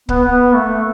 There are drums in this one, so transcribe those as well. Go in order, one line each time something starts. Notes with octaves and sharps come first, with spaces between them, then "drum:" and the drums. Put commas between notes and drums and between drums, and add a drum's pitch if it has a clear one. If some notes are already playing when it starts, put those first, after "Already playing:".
B3, drum: kick C#1
B3
A3